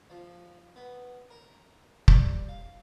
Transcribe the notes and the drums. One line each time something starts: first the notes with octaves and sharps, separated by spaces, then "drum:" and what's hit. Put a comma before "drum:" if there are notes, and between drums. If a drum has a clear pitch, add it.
F3
B3
A#4
G3, drum: kick
F5